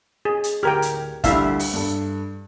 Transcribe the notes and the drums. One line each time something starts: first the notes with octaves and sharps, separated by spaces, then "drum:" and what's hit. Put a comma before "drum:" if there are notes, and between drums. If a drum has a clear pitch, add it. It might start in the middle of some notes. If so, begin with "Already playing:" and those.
G#4
drum: hi-hat
D1 G4 A#4 G5 F6 G#6
drum: hi-hat
D2 D3 G3 E4 E5 F5, drum: kick, hi-hat
drum: open hi-hat
G2 A4